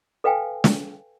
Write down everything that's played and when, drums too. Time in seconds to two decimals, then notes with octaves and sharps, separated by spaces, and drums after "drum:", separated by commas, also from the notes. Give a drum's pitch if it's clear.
0.24 A4 B4 F5 G5 G#5
0.64 drum: snare